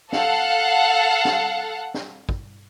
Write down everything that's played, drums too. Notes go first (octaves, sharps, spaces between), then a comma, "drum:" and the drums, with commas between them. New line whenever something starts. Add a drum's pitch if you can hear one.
A4 F5 F#5, drum: snare
drum: snare
drum: snare
drum: kick